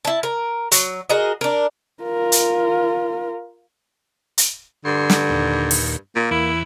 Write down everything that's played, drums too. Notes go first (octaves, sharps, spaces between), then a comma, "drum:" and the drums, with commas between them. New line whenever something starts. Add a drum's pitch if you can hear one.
E4 A5
A#4
F#3, drum: hi-hat
F#4 G#4 A#4 D#5
D4 A#4
F4 A#4
drum: hi-hat
drum: hi-hat
G2 D3 C6
drum: snare
D#2 A#2
drum: open hi-hat
A#2 A#3
E2 E3 E4